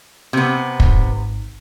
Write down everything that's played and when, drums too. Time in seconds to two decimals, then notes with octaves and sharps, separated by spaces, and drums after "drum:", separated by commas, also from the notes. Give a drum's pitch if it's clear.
0.33 C3 B3
0.80 G#1, drum: kick